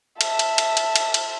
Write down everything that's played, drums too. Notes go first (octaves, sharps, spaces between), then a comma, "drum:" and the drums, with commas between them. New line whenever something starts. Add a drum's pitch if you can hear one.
E5 A5, drum: cymbal
drum: cymbal
drum: cymbal
drum: cymbal
drum: cymbal
drum: cymbal